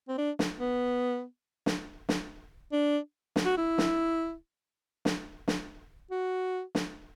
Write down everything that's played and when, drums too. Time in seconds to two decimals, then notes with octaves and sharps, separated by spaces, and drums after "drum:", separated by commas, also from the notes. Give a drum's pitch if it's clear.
0.08 C4
0.18 D4
0.39 drum: snare
0.60 B3
1.66 drum: snare
2.09 drum: snare
2.72 D4
3.36 drum: snare
3.45 F#4
3.57 E4
3.78 drum: snare
5.05 drum: snare
5.48 drum: snare
6.11 F#4
6.75 drum: snare